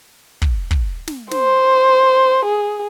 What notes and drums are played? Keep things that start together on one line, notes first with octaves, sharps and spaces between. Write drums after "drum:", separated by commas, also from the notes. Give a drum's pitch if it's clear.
drum: kick
drum: kick
drum: snare
C5, drum: snare
G#4